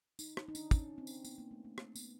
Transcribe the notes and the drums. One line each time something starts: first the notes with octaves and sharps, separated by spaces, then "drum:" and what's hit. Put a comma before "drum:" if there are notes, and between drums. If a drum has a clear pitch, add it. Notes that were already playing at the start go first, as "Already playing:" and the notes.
D#4, drum: tambourine
D#4, drum: rim click
D#4
D4, drum: tambourine
C#4, drum: kick, tambourine
C4
drum: tambourine
B3, drum: tambourine
A#3
A3
A3
A#3, drum: rim click
B3, drum: tambourine